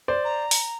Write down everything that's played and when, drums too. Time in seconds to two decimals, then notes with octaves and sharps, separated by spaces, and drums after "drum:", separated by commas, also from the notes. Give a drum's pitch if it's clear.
0.08 C5 D5
0.24 A#5
0.51 drum: open hi-hat